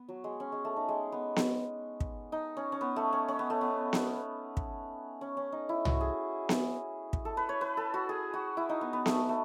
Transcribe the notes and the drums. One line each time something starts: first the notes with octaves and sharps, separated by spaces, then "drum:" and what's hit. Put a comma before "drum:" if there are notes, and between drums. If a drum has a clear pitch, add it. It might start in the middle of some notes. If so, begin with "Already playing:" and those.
Already playing: B3
F#3
G#3
C#4
G#3
A3
D#4
G#3
B3
drum: snare B3
drum: kick
D#4
C#4
C#4
B3
A3
C#4
C#4
B3
A3
B3
drum: snare B3
drum: kick
C#4
C#4
D#4
E4
F#4, drum: tom
G#4
drum: snare B3
drum: kick
A4
B4
C#5
B4
A4
F#4
G#4
F#4
E4
D#4
B3
B3
A3, drum: snare B3
A3